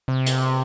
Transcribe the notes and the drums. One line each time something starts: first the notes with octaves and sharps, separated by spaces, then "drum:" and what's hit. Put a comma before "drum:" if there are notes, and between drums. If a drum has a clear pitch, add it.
C3
drum: hi-hat